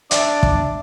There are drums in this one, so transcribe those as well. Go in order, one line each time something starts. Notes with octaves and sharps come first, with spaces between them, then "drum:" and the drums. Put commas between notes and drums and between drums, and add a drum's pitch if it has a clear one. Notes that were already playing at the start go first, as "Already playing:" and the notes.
D4 D5 E5 D6, drum: hi-hat
drum: kick